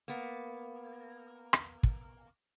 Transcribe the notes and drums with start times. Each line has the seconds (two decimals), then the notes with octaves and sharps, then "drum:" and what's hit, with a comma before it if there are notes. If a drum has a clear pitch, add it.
0.08 A#3 B3
1.53 drum: rim click
1.83 drum: kick